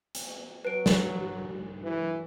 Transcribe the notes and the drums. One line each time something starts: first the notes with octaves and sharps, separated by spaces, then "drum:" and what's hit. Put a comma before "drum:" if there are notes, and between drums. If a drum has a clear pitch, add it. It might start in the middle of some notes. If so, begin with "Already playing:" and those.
drum: hi-hat
F#3 B4 D7
drum: snare
E3